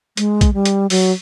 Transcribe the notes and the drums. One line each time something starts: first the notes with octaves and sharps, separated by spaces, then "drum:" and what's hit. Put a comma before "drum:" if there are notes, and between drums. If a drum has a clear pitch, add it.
G#3, drum: hi-hat
drum: kick, hi-hat
G3
drum: hi-hat
F#3, drum: open hi-hat